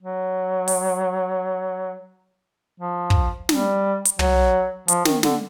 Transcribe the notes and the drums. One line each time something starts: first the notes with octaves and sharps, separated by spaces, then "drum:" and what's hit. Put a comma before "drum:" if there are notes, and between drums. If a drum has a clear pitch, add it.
F#3
drum: open hi-hat
F3
drum: kick
G3, drum: snare
drum: hi-hat
F#3, drum: tom
F3, drum: hi-hat
D#3, drum: snare
D3, drum: snare